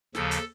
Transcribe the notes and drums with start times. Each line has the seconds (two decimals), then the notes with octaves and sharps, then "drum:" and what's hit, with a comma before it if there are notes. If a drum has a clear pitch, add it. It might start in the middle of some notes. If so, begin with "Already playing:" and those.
0.15 D#2 C#3 F3 A4, drum: snare
0.31 drum: hi-hat